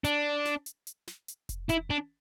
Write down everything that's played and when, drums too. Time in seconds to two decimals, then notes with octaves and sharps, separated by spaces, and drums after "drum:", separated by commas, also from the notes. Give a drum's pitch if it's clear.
0.04 D4, drum: hi-hat
0.45 drum: snare
0.66 drum: hi-hat
0.87 drum: hi-hat
1.07 drum: snare
1.28 drum: hi-hat
1.49 drum: kick F1, hi-hat
1.69 E4, drum: hi-hat
1.90 D4